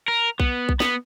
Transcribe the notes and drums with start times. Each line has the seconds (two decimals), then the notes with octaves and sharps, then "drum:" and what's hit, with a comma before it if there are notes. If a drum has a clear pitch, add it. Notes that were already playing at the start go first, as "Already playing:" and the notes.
0.08 A#4
0.40 B3, drum: kick B1
0.69 drum: kick B1
0.80 B3, drum: snare